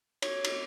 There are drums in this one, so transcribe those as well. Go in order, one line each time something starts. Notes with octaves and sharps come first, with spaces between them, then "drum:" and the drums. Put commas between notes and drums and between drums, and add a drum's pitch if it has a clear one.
C#5, drum: cymbal
drum: cymbal